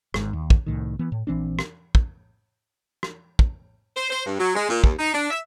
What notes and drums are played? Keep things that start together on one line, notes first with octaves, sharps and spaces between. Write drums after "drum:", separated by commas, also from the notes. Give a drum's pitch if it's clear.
G#1 G#2, drum: rim click
D#2
drum: kick
C2 A2 D#3
E3 B3
A2
A#1 E3 C4 D4
drum: rim click
drum: kick
drum: rim click
drum: kick
C5
C5
G2
F#3
G#3
A#2
D#2, drum: kick
D#4
D4
E5